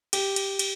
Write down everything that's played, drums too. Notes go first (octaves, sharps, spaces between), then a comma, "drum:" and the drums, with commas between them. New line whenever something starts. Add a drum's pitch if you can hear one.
G4, drum: cymbal
drum: cymbal
drum: cymbal